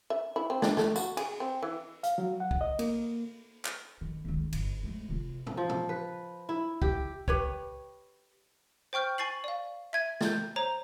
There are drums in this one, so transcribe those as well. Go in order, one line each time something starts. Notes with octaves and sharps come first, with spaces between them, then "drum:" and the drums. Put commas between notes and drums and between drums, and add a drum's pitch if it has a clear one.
E5
E4
C4
D4, drum: snare
A3, drum: snare
F#4, drum: tambourine
G#4, drum: cymbal
C4
E3
F5, drum: hi-hat
F#3
F#5
drum: kick C2
D#5
A#3, drum: cymbal
drum: clap
D#3
C#2 D#3
G1, drum: cymbal
G#3 A3
C3 F4
drum: tom
F3
drum: tom
B4
E4
G4, drum: kick C2
G4 B4 C#5, drum: kick C2
C5 G5 C#6 F6 G6
G#5 C#6 A6 C7 F#7
D5 F5
E5 G#6 D#7
G6 A6, drum: snare
C5 C#5 A#5